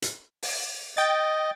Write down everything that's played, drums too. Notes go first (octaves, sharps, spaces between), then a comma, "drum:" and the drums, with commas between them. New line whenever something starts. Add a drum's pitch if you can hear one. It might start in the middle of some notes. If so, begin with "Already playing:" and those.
drum: hi-hat
drum: open hi-hat
D#5 G5 A6